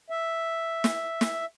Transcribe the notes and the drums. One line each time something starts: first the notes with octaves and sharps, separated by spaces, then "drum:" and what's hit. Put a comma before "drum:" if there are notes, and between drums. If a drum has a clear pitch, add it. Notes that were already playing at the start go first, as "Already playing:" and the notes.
E5
drum: snare
drum: snare